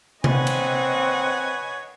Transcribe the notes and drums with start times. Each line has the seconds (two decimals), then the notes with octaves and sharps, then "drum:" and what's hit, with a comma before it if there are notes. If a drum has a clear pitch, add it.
0.24 C4 B4 C#5 D#5 F#5 G#5, drum: tom C3
0.47 drum: cymbal